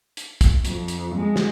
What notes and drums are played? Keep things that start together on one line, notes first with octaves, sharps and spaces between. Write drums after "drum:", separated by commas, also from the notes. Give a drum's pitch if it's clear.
drum: hi-hat
drum: kick, hi-hat
F2, drum: hi-hat
drum: hi-hat
G#3
drum: snare